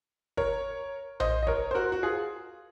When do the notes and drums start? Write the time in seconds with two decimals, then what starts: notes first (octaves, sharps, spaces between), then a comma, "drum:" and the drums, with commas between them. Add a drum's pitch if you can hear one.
0.37 A#4 C#5, drum: kick G1
1.20 C5 D#5, drum: tom A#1
1.43 D#5
1.47 A#4 C#5, drum: kick G1
1.71 C5
1.75 F#4 A#4
1.92 F#4
2.03 F4 G#4